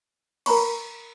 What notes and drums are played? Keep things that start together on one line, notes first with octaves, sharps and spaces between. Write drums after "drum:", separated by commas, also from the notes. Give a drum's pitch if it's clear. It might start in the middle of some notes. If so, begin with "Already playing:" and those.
A#4 A#5 B5 C#6, drum: cymbal